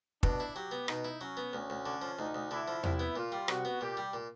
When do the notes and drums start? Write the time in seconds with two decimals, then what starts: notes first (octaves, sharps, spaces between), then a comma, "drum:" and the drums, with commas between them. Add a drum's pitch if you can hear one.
0.23 B2 D4, drum: kick
0.40 E4
0.55 F#3 G4
0.71 B3
0.88 B2 D#4, drum: rim click
1.05 E4
1.21 F#3 C#4
1.37 B3
1.53 D2 C#4
1.70 D2
1.86 D3
2.02 F3
2.19 D2 D#4
2.34 D2
2.51 D3 E4
2.68 F3
2.84 C2 E4, drum: tom E2
2.99 B3
3.16 A#2 F4
3.32 G3
3.48 C2 F#4, drum: rim click
3.65 B3
3.81 A#2 G4
3.97 G3
4.13 A#2